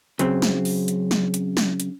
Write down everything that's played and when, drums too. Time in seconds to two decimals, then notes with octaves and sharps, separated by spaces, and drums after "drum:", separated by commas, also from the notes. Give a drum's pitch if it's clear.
0.19 C#3 F#3 C4, drum: hi-hat
0.42 drum: snare
0.65 drum: open hi-hat
0.88 drum: hi-hat
1.11 drum: snare
1.34 drum: hi-hat
1.57 drum: snare
1.80 drum: hi-hat